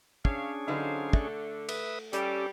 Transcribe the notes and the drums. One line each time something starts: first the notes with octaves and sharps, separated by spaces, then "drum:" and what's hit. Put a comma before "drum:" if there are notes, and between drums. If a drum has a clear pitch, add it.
C#4 D4 G#4 C#5 E5 F5, drum: kick
D3 F#3 D#4 C5 F5
D3 A3, drum: kick
B4 E5 D#6, drum: cymbal
G3 C#4 G4 A4, drum: hi-hat